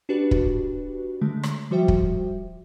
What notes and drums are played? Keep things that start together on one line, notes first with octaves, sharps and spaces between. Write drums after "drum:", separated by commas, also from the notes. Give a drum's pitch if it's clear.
D4 F#4 G4 B4
drum: kick
D3 G#3 A3
drum: rim click
F3 G3 F#4 C5 E5 G5
drum: kick